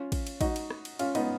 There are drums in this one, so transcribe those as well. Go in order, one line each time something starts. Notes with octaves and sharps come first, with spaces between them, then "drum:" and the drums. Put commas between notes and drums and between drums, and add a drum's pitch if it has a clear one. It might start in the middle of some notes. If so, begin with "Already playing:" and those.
Already playing: C#4 F4
drum: kick, cymbal
drum: cymbal
D#4 F#4, drum: kick, cymbal
drum: cymbal
drum: rim click
drum: cymbal
C#4 F4, drum: cymbal
B3 D#4, drum: cymbal